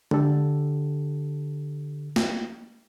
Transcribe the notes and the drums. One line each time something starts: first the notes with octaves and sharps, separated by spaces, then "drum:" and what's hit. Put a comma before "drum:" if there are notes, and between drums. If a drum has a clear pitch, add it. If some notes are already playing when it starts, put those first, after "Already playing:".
D3 G4 A4, drum: tom G#3
drum: snare